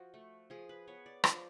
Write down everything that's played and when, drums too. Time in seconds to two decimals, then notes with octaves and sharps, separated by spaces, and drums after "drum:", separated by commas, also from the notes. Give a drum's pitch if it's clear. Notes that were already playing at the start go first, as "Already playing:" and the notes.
Already playing: F3 F#4
0.14 A3
0.50 F3 G#4
0.69 B4
0.87 B3 C#5
1.06 D5
1.24 F3 D5, drum: rim click